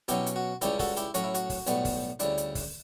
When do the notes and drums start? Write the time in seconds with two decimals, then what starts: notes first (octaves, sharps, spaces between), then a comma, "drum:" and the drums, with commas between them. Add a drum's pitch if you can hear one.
0.08 B2 F#3 C#4 E4 G4, drum: hi-hat
0.26 drum: hi-hat
0.36 F#4
0.61 C#2 C#3 G3 C#4 E4 G4, drum: hi-hat
0.79 F#4 A4, drum: kick, open hi-hat
0.97 E4 G4, drum: hi-hat
1.14 A2 F#3 C#4 F#4, drum: hi-hat
1.24 E4
1.35 F#4, drum: hi-hat
1.50 drum: kick, open hi-hat
1.67 B1 A2 G3 B3, drum: hi-hat
1.85 drum: kick, open hi-hat
2.20 D2 C#3 G3 D4 E4, drum: hi-hat
2.38 drum: hi-hat
2.55 drum: kick, open hi-hat